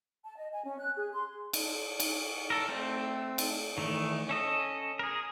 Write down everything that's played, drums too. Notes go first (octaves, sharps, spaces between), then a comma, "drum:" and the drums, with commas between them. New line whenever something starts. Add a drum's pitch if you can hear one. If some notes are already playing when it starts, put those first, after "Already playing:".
A5
D#5
G#5
C#4
F#6
G#4
C6
drum: cymbal
drum: cymbal
A4 A#4
A3 C4
drum: cymbal
D#3 E3 A3
C#4 A4 D#5
G#4 A#4